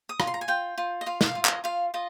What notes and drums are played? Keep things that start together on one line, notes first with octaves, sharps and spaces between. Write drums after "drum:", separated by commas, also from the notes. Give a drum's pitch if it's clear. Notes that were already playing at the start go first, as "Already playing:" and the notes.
D#6
F4, drum: rim click
C6
A#5
G#5
F4 G5
F4
D#5
F4 F5
D#5, drum: snare
F5
F4
D#5, drum: clap
F4 F5
F4 D#5